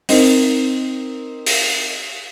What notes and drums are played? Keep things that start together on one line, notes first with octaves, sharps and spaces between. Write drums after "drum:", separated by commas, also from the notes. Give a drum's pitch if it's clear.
C4 D#4 A#4, drum: open hi-hat
drum: open hi-hat